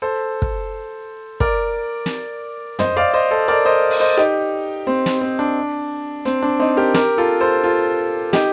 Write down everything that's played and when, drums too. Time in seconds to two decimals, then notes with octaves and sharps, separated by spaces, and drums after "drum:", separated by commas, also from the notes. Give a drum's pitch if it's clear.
0.02 A4 C5
0.42 drum: kick
1.40 A#4 D5, drum: kick
2.06 drum: snare
2.79 C5 D#5, drum: tom
2.97 D5 F5
3.14 C5 D#5
3.31 A4 C5
3.48 A#4 D5
3.65 C5 D#5
3.90 drum: open hi-hat
4.00 C5 D#5
4.17 D#4 G4
4.87 C4
5.06 drum: snare
5.21 C4
5.39 D4
6.25 C4, drum: hi-hat
6.42 D4
6.59 C4 D#4
6.77 G4 A#4
6.94 G4 A#4, drum: snare
7.18 F4 A4
7.41 A4 C5
7.63 F4 A4
8.33 D#4 G4, drum: snare